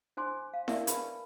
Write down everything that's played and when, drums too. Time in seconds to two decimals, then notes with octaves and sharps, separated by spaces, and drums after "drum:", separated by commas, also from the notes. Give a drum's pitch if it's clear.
0.17 D4 C5 G#5 C6 D6
0.53 F5
0.68 A#4 D5 E5 F5, drum: snare E4
0.87 D4 B4 A5 B5 C#6, drum: hi-hat